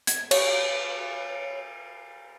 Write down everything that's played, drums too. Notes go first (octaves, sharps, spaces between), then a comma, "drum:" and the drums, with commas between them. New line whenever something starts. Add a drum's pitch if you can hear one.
G#6, drum: hi-hat
C#5, drum: cymbal